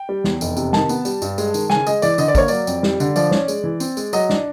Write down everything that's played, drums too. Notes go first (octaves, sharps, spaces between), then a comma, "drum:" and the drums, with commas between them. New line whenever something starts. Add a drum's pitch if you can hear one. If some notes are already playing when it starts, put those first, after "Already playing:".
Already playing: G5
G3
E2, drum: snare
F1, drum: tambourine
C3, drum: tambourine
D#3 A5, drum: snare
B3, drum: tambourine
G3, drum: tambourine
G2, drum: tambourine
G#3, drum: tambourine
D#3, drum: tambourine
C#3 G#5, drum: snare
G#3 D#5, drum: tambourine
E3 D5, drum: tambourine
D3 D#5, drum: tambourine
D5
A#3 C#5, drum: kick, tambourine
F#3 D5, drum: tambourine
F2, drum: tambourine
G3, drum: snare
D3, drum: tambourine
F3 D5, drum: tambourine
C#4, drum: snare
G#3, drum: tambourine
E3
C4, drum: tambourine
G#3, drum: tambourine
F#3 D#5, drum: tambourine
D4, drum: snare